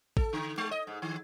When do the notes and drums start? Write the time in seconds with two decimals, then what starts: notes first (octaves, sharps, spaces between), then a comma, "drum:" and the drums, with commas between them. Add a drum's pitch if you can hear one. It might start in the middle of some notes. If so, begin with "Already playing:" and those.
0.17 A4, drum: kick
0.33 D3
0.58 G#3
0.71 D#5
0.87 G#2
1.02 D#3